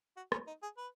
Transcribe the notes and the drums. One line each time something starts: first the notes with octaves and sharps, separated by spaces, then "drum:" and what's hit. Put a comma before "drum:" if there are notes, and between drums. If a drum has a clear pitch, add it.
F#4
C#4, drum: rim click
D#4
G#4
B4